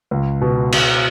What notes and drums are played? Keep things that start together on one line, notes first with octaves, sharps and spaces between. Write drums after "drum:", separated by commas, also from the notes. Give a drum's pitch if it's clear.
C#2
B2
B2, drum: cymbal